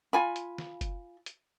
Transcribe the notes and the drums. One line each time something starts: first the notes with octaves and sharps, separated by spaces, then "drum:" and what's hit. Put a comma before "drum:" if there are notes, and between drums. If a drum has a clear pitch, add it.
F4 G#5 B5
drum: hi-hat
drum: snare
drum: kick F#1, hi-hat
drum: hi-hat